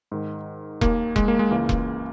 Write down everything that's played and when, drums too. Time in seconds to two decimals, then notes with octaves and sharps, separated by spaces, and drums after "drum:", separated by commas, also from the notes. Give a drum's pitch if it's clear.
0.12 G#2 D#3
0.81 D#2 D#3 A#3, drum: kick E1
1.16 G#3, drum: kick E1
1.28 A#3
1.39 G#3
1.51 C#2 C#3 E3 A#3
1.69 drum: kick E1